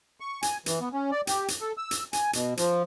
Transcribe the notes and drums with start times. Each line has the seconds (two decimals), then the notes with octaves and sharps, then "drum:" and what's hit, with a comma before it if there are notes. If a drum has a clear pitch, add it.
0.20 C#6
0.42 G#5, drum: hi-hat
0.66 E3, drum: hi-hat
0.81 B3
0.93 C#4
1.11 D5
1.27 G4, drum: hi-hat
1.48 drum: hi-hat
1.61 A4
1.77 E6
1.91 drum: hi-hat
2.13 G#5, drum: hi-hat
2.33 B2, drum: hi-hat
2.57 F3, drum: hi-hat